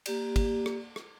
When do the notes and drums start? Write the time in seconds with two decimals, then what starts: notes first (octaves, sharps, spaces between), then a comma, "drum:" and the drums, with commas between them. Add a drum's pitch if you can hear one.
0.06 A#3 G4 D5, drum: cymbal
0.36 drum: kick, cymbal
0.66 drum: rim click
0.96 drum: rim click